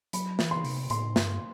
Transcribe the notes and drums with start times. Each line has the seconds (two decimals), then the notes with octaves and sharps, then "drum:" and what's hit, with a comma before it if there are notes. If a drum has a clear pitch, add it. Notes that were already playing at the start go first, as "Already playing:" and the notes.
0.13 F#3 B5, drum: hi-hat
0.39 E3, drum: snare
0.51 C6
0.65 C3, drum: open hi-hat
0.90 A2 C6, drum: hi-hat
1.16 G2, drum: snare